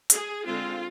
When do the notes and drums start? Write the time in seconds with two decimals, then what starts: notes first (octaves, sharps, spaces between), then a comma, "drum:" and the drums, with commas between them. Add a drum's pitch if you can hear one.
0.10 G#4, drum: hi-hat
0.45 D3 G#3 C4 F4